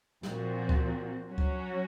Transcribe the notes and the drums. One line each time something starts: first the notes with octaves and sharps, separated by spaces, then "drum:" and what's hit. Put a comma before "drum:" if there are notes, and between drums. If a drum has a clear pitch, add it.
A#2 F3 C4 F#4, drum: snare
drum: kick C#2
F#3 C#4 F#4
drum: kick C#2